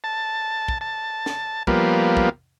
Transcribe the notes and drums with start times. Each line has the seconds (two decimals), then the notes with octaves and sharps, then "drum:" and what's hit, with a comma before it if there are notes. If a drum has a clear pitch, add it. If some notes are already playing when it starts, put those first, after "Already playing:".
0.04 A5
0.68 drum: kick
0.81 A5
1.26 drum: snare
1.67 F3 G3 A#3 B3, drum: kick
2.17 drum: kick